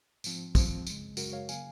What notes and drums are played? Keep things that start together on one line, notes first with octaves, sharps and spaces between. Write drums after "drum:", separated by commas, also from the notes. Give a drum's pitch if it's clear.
G#2 F3 C4, drum: tambourine
G#2 F3 C4, drum: kick, tambourine
F#2 C#3 G#3, drum: tambourine
F#2 C#3 G#3 F#4 A#4, drum: tambourine
C#5 F5
C#3 F#3 A#3 F5 G#5, drum: tambourine